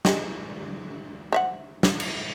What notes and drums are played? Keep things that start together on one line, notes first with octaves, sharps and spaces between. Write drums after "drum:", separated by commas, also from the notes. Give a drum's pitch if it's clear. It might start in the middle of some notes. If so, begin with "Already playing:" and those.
G3 G#3, drum: snare
C5 E5 F#5
drum: snare
drum: cymbal